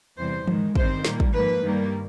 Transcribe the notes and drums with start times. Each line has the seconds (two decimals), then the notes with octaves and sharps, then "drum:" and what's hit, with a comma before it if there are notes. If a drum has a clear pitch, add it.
0.18 E2 C3 E3 G3 C5
0.47 G#2 D#3 G#3, drum: tom E3
0.75 G2 D#3 G3 C4 C5, drum: kick
1.05 A#2 G3 A#3, drum: snare
1.20 drum: kick
1.33 G#2 F3 A#3 B4
1.63 G2 D#3 G3 A#3